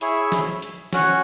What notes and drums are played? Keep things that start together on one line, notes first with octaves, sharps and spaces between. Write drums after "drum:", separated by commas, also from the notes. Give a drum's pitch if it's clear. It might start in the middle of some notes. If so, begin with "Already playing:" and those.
E4 G#4 C#5 E5, drum: hi-hat
drum: snare
drum: hi-hat
C#4 F#4 C#5 F#5, drum: snare